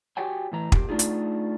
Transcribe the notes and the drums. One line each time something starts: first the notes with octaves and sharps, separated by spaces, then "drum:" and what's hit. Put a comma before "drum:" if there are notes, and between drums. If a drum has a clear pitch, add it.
F#4 G4 C#5 G5 G#5
A2 E3 A#5
A#2 G4, drum: kick
A3 D4 D#4 F4 G#4
drum: hi-hat